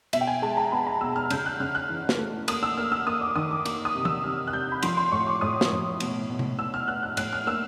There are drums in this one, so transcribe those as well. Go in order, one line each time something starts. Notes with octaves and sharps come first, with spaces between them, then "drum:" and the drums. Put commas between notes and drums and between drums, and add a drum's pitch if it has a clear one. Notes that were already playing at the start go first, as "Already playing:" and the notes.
B2 E5, drum: cymbal
G5
G#5
G#3 A5
A#5
B3 B5
A#5
B2 E6
F6
C#3 G6, drum: cymbal
F#6
C#3 F6
F#6
E3
drum: snare
A3
A#3 D#6, drum: cymbal
E6
A#3 F6
E6
A#3 D#6
D6
D#3 D#6
D6
A#3 D6, drum: cymbal
D#6
C3
E6, drum: tom E3
C3 F6
F#6
C3 G6
B5
F3 C6, drum: cymbal
C6
A2 C#6
D6
A2 D#6
drum: snare
A2
B2, drum: cymbal
B2
drum: tom C3
B3 E6
F6
B3 F#6
F#6
A2 F#6, drum: cymbal
F6
A#3 E6